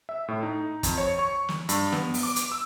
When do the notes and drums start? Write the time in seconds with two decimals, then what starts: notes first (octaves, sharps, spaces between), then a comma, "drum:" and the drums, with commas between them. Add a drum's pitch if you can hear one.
0.09 E5
0.28 A2
0.43 D#4
0.83 F2, drum: kick, hi-hat
0.98 C#5
1.19 C#6
1.49 drum: snare
1.69 G2, drum: hi-hat
1.92 B3, drum: snare
2.14 drum: open hi-hat
2.23 D6
2.36 drum: hi-hat
2.52 E6